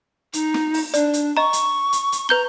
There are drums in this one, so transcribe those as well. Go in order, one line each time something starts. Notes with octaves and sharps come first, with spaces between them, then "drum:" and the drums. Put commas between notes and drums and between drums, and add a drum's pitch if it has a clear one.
D#4, drum: hi-hat
drum: snare
drum: open hi-hat
D4 D5, drum: hi-hat
drum: hi-hat
D#5 A#5 C#6
drum: hi-hat
drum: hi-hat
drum: hi-hat
B4 A#5 G6 G7